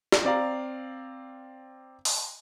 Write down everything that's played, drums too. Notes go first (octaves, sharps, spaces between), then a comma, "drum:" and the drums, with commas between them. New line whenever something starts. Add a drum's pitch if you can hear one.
drum: snare
C4 D5 F5 A#5
drum: open hi-hat